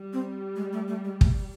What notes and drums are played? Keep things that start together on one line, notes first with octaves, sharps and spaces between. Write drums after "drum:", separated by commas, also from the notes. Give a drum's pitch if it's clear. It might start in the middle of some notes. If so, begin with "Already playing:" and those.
Already playing: G3
C4
G#3
A3
A3
G#3
A3, drum: kick